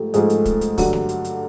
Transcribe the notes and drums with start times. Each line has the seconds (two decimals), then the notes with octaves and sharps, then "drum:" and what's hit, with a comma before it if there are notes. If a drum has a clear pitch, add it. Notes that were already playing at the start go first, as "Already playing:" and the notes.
Already playing: G#2 F3 A3 G4
0.14 G#2 F3 G#3 A3 G#4, drum: hi-hat
0.30 drum: hi-hat
0.45 drum: kick, hi-hat
0.61 drum: hi-hat
0.78 G2 D3 F#3, drum: kick, open hi-hat
0.93 drum: snare
1.09 drum: hi-hat
1.25 drum: hi-hat